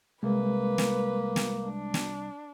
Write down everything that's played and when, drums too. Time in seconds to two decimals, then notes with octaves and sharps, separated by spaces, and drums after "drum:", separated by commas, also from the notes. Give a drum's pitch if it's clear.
0.23 C2 G#3 A#3 B4
0.78 drum: snare
1.36 drum: snare
1.65 D4
1.94 drum: snare